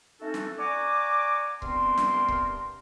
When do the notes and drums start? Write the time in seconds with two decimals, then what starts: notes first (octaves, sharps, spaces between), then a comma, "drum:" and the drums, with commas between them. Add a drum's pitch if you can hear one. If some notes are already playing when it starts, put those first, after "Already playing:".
0.21 A3 C4 C#4 D#4 F#4 A4
0.34 drum: snare
0.59 D5 F#5 G#5 A#5 C#6 D6
1.62 G2 C3 B3 C4 A#4 C6, drum: kick C#1
1.97 drum: snare
2.28 drum: kick C#1